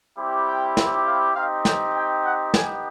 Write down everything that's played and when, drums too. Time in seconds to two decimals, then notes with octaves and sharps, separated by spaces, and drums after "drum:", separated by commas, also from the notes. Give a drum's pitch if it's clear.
0.18 G3 C4 E4 G4
0.48 G5
0.77 drum: snare
1.07 F5
1.35 C4 D#4 G4 F5
1.65 G5, drum: snare
1.95 G5
2.25 F#5
2.54 B3 D#4 G4 G#5, drum: snare